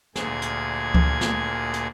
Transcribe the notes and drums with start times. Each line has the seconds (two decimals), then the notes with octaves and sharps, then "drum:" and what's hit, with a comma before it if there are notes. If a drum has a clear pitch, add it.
0.15 D2 A#2 G#4 G#6, drum: snare
0.42 drum: hi-hat
0.95 drum: kick C#2
1.21 drum: snare
1.74 drum: hi-hat